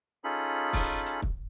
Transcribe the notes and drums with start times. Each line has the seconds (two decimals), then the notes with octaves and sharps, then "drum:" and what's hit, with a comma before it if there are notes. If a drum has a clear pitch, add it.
0.24 C#4 D#4 F4 G#4 A4 B5
0.73 drum: kick, open hi-hat
1.06 drum: hi-hat
1.22 drum: kick